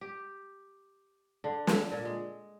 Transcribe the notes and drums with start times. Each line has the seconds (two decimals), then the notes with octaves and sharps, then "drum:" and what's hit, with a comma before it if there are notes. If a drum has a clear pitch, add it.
0.01 G4
1.44 D3
1.67 drum: snare
1.92 A#2
2.05 G#3